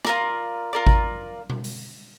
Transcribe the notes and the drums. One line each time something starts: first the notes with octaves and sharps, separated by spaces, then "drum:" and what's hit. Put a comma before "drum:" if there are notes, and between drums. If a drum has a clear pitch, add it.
F4 A#4 D5, drum: rim click
F4 A#4 D5
drum: kick G#1
drum: tom B2
drum: open hi-hat